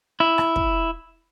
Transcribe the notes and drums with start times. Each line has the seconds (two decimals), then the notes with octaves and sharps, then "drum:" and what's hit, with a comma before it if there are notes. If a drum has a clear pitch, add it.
0.20 E4
0.38 drum: rim click
0.56 drum: kick